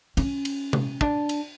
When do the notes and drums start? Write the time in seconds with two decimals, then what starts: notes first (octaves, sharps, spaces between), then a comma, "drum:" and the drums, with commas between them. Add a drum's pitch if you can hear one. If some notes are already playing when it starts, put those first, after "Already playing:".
0.17 C#4, drum: cymbal
0.45 drum: cymbal
0.73 drum: tom C3
1.01 D4, drum: kick
1.29 drum: cymbal